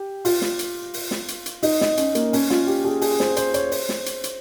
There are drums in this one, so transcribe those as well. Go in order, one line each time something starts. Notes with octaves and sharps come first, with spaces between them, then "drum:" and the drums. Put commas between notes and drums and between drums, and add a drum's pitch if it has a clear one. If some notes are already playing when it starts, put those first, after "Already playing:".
Already playing: G4
F4, drum: open hi-hat
drum: snare
drum: hi-hat
drum: open hi-hat
drum: snare
drum: hi-hat
drum: hi-hat
D#4, drum: open hi-hat
D#4, drum: snare
C#4, drum: hi-hat
A#3, drum: hi-hat
C#4, drum: open hi-hat
F4, drum: snare
G4
G#4
G#4, drum: open hi-hat
C5, drum: snare
C5, drum: hi-hat
C#5, drum: hi-hat
C5, drum: open hi-hat
drum: snare
drum: hi-hat
drum: hi-hat